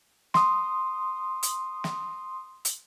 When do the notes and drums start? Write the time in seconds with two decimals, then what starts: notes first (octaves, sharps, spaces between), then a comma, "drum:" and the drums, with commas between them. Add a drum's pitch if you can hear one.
0.34 C6 D#6, drum: snare
1.43 drum: hi-hat
1.84 drum: snare
2.65 drum: hi-hat